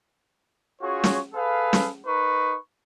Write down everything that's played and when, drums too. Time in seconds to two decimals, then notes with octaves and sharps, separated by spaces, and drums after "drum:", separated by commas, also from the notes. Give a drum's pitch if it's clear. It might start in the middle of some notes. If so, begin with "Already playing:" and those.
0.80 C#4 F4 F#4 G#4 C#5
1.04 drum: snare
1.34 G#4 A4 B4 F5
1.73 drum: snare
2.05 D#4 A#4 B4 C#6